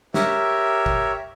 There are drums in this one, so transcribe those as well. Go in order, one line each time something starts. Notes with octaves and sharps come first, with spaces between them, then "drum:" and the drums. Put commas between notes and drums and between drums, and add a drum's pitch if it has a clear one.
G4 A#4 C#5 E5, drum: snare
drum: kick